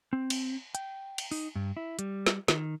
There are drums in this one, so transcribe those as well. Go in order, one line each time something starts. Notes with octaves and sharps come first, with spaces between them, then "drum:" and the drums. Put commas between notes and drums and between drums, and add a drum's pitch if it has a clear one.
C4
drum: cymbal
G5, drum: hi-hat
drum: cymbal
D#4, drum: open hi-hat
G2
E4
G3, drum: hi-hat
drum: snare
D#3, drum: snare